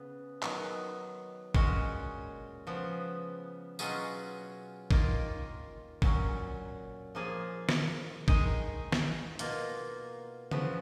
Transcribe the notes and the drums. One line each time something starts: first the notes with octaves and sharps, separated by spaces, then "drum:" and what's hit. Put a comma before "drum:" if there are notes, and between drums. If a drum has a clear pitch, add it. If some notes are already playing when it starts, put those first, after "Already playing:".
Already playing: C#3 B3
D#3 F#3 B3, drum: clap
A#2 G#3 C#4 F#4, drum: kick
C#3 F3 B3
B2 F#3 C#4 F4 G#4, drum: tambourine
D#3 A#3 F4, drum: kick
A#2 F#3 C#4, drum: kick
F3 A#3 F4 G#4
drum: snare
D#3 G#3 D#4 G#4, drum: kick
drum: snare
B2 A#3 F4, drum: hi-hat
C#3 F3 B3, drum: tom C#3